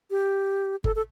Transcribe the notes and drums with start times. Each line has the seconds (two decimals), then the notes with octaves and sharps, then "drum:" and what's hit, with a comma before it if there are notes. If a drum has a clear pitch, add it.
0.11 G4
0.84 A4, drum: kick G1
0.96 A4